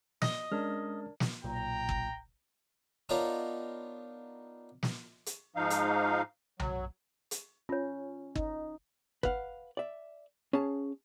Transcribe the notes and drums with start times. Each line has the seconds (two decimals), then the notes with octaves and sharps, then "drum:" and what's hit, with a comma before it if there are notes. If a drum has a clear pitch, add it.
0.22 D#5, drum: snare
0.52 G#3 C#4 D4 A#4 D5 F6
1.20 drum: snare
1.44 B1 A#2 G5 A#5
1.89 drum: kick G1
3.09 B3 D4 D#4 F4 A#4 C#5
4.83 drum: snare
5.26 drum: hi-hat
5.56 G#2 F3 D#4 F5
5.70 drum: hi-hat
6.59 F#3, drum: tom B1
7.31 drum: hi-hat
7.69 C#4 F4 C#5
8.35 D#4, drum: kick G1
9.23 B4 F5 F#5, drum: kick G1
9.77 D5 E5
10.53 C#4 G#4 C#5 F5 A5